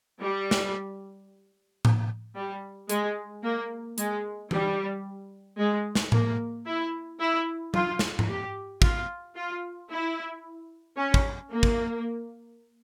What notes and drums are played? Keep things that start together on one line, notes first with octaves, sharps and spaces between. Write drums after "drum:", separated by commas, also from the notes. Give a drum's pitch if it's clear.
G3
drum: snare
drum: tom A2
G3
G#3, drum: hi-hat
A#3
G#3, drum: hi-hat
G3, drum: tom E3
G#3
drum: snare
A#3, drum: tom A2
E4
E4
F4, drum: tom F#3
drum: snare
drum: tom G#2
G4
F4, drum: kick
F4
E4
C#4
drum: kick
A#3
drum: kick